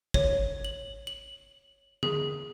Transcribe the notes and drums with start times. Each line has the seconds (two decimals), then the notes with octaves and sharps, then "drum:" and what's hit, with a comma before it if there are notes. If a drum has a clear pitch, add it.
0.14 C#5, drum: kick
0.65 F#7
1.07 F#7
2.03 G#4, drum: tom D3